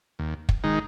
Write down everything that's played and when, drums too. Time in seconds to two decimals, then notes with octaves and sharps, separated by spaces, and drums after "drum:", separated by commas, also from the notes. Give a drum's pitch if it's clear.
0.19 D#2
0.49 drum: kick
0.64 D#3 G#3 D#4